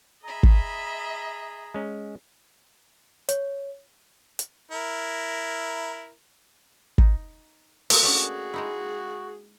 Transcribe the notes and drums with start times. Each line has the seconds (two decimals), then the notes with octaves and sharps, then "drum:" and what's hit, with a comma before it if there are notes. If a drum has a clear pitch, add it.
0.24 G#4 D#5 E5 A#5 B5
0.43 drum: kick
1.74 G#3 C#4
3.29 C#5, drum: hi-hat
4.39 drum: hi-hat
4.71 E4 A#4
6.98 D#4, drum: kick
7.90 A3 A#3 C4, drum: open hi-hat
8.03 C#4 D4 F#4 G#4 E5
8.54 G#3 D#4 E4